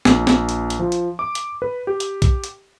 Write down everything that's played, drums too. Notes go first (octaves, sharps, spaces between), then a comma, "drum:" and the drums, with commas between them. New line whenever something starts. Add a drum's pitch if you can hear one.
A#1, drum: snare
drum: snare
drum: hi-hat
drum: hi-hat
F3
drum: hi-hat
D6
drum: hi-hat
B4
G4
drum: hi-hat
drum: kick B1, hi-hat
drum: hi-hat